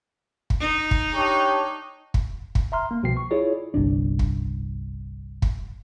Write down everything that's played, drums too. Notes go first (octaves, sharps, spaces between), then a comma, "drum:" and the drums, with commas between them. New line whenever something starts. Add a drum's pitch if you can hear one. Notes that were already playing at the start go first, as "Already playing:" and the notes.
drum: kick
D#4
drum: kick
D4 G4 C#5
drum: kick
drum: kick
E5 A#5 C6 F6
A#3
C2 B2 F3 G5 C7
C#6
E4 F4 G#4 C#5 D5
G1 C2 D4
drum: kick
drum: kick